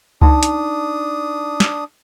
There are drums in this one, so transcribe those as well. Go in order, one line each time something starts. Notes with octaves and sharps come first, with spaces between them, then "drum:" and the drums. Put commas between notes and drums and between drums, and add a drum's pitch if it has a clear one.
D4 D#4 A5 D#6, drum: kick C#2
drum: hi-hat
drum: snare